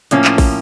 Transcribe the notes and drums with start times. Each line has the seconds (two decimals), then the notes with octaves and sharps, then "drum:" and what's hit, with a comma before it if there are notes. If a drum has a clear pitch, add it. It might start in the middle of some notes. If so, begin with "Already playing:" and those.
0.11 A2 F3 A#3 C#4, drum: hi-hat
0.24 drum: clap
0.38 drum: kick, open hi-hat